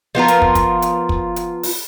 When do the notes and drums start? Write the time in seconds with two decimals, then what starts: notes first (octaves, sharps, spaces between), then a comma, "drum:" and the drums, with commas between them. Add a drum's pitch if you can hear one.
0.15 F3 B3 F4 A#4
0.28 drum: hi-hat
0.42 drum: kick
0.55 drum: kick, hi-hat
0.82 drum: hi-hat
1.09 drum: kick
1.36 drum: hi-hat
1.63 drum: open hi-hat